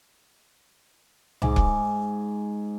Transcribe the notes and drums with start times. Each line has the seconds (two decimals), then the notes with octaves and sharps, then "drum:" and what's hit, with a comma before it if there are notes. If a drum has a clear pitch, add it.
1.42 G#2 G#5 D6, drum: tom C2
1.56 drum: kick C#1